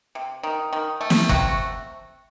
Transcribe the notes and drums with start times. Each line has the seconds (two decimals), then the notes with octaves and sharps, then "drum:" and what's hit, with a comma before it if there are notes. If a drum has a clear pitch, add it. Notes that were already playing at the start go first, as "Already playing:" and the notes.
0.15 C3
0.43 D#3
0.73 D#3
1.01 A3
1.10 drum: snare
1.29 C3 F#4, drum: kick